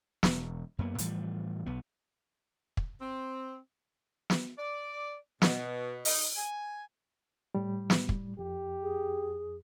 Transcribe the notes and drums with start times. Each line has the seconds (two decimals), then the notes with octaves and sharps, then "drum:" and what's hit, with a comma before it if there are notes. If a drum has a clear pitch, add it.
0.23 E1, drum: snare
0.78 F#2 A#3 B3
0.98 A2 E3 F3 G3, drum: hi-hat
1.66 B1 B3
2.77 drum: kick
2.99 C4
4.30 drum: snare
4.58 D5
5.42 B2, drum: snare
6.05 D#4, drum: open hi-hat
6.36 G#5
7.55 A2 G3
7.90 drum: snare
8.09 drum: kick
8.39 F2 G4
8.83 G#4